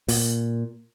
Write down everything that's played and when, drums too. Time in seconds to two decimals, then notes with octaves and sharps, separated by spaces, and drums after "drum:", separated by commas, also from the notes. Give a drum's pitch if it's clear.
0.08 A#2, drum: open hi-hat